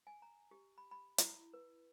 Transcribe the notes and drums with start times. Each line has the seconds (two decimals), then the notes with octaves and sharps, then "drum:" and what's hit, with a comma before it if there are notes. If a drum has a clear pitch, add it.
0.07 G#5
0.22 A#5
0.51 G4
0.78 B5
0.91 B5
1.18 E4, drum: hi-hat
1.53 B4